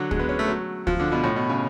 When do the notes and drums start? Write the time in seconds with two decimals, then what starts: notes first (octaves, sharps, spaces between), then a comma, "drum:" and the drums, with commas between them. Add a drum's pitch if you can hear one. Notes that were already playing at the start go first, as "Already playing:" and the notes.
Already playing: D3 F#3
0.11 G#3, drum: kick
0.19 B3
0.29 C#4
0.39 A3
0.48 F#3
0.87 F3, drum: kick
0.99 D3
1.12 B2
1.24 A2
1.36 B2
1.49 C#3